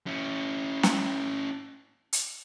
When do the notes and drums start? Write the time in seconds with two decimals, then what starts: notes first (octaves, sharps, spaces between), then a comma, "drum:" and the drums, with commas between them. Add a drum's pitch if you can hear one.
0.07 C#4 E4
0.83 drum: snare
2.13 drum: hi-hat